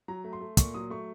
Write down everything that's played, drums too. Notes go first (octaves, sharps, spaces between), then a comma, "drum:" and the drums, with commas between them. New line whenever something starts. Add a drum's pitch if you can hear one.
F#3 A#5
A3
C6
A3
A#2 C#6, drum: kick, hi-hat
F#3 D#6
A3 C#6